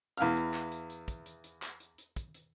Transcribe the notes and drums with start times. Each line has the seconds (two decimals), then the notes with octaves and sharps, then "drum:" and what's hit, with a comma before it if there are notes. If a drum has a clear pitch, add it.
0.17 E2 E4 F5 F6, drum: hi-hat
0.36 drum: hi-hat
0.54 drum: clap
0.72 drum: hi-hat
0.90 drum: hi-hat
1.08 drum: kick, hi-hat
1.26 drum: hi-hat
1.44 drum: hi-hat
1.62 drum: clap
1.80 drum: hi-hat
1.98 drum: hi-hat
2.16 drum: kick, hi-hat
2.34 drum: hi-hat